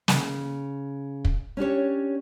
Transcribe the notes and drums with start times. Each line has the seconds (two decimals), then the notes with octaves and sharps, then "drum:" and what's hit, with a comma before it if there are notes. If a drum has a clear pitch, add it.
0.08 C#3, drum: snare
1.25 drum: kick
1.57 C#4 D4 G4 C#5